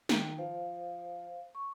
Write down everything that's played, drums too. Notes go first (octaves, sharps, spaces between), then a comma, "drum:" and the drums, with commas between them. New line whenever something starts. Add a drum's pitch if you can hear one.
D#3 G5 A#5, drum: snare
F3 C5 F5
C#6